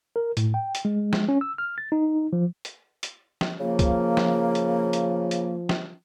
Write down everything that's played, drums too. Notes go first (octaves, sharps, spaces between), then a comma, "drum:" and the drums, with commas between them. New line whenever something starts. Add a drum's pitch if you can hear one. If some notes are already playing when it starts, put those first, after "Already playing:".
A#4
A2, drum: hi-hat
G5
drum: hi-hat
G#3
drum: snare
C#4
E6
F6
A6
D#4
F3
drum: hi-hat
drum: hi-hat
drum: snare
C#3 F3 A#3
drum: kick C2, hi-hat
drum: snare
drum: hi-hat
drum: hi-hat
drum: hi-hat
drum: snare